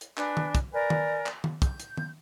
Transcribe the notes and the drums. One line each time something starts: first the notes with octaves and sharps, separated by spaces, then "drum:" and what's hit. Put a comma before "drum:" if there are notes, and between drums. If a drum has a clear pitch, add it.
drum: hi-hat
D4 B4 G#5, drum: clap
drum: tom
drum: kick, hi-hat
A#4 B4 D5 G#5
drum: tom
drum: clap
drum: tom
G6, drum: kick, hi-hat
drum: hi-hat
drum: tom D#3